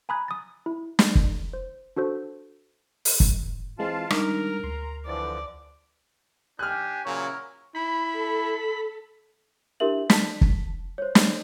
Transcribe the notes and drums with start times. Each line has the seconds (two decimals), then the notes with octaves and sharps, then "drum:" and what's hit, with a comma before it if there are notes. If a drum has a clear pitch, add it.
0.09 G#5 A#5 B5 D#6 F#6 G#6
0.28 D#6 A6
0.66 E4
0.99 drum: snare
1.15 drum: kick
1.53 C5
1.96 D4 F#4 A4 C5
3.05 drum: open hi-hat
3.20 G#1, drum: kick
3.79 E3 G#3 C4 F4 F5 A5
4.10 D#3 G3 G#3 D4 A#4 A#5, drum: rim click
4.64 D2 C6
5.06 D3 E3 F3 D5
6.59 D4 G4 G5 G#5 F6 F#6
7.05 A#2 C#3 F#3 E4 A#4 C#5
7.75 E4 B5
8.14 A4
9.80 D4 E4 G4 A#4 E5 F#7
10.10 A5 B6, drum: snare
10.41 drum: kick
10.98 C5 C#5
11.15 drum: snare